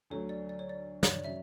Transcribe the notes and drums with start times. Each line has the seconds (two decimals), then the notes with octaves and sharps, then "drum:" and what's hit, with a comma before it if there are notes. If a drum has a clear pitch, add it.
0.10 D2 D3 F#3 A3 C#5
0.29 D5
0.49 D5
0.59 C#5
0.69 D5
1.03 C#5, drum: snare
1.14 D5
1.24 C#3 F#3 E5